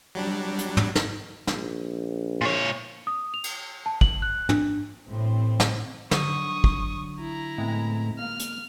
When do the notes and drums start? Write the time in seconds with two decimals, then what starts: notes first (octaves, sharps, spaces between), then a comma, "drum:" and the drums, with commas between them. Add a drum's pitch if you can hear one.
0.15 F#3 G3 D4
0.58 drum: hi-hat
0.77 drum: tom
0.95 drum: snare
1.47 A#1, drum: snare
2.41 A#2 C#5
3.07 D#6
3.34 F7
3.44 drum: cymbal
3.86 A5
4.01 F#7, drum: kick
4.22 F#6
4.49 D4, drum: tom
5.09 A1 A2 C4
5.60 drum: snare
6.11 D3 F#3 C#6 D#6, drum: snare
6.64 drum: kick
7.19 E4 A#5
7.58 A2 G#3 A3 B3 C4
8.19 A#3 F6 A#6
8.39 drum: hi-hat